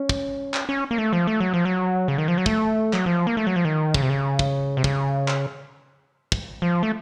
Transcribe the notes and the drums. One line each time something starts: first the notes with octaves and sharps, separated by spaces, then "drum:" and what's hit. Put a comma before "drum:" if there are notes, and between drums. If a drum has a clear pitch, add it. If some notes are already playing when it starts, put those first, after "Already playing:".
Already playing: C#4
drum: kick
drum: clap
C#4
A#3
A3
F3
A3
F#3
F3
F#3
C#3
D#3
F3
F#3
A3, drum: kick
F#3, drum: clap
F3
A#3
A3
F#3
F3
D#3
C#3, drum: kick
C3
C#3
drum: kick
C3
C#3, drum: kick
drum: clap
drum: kick
F3
A3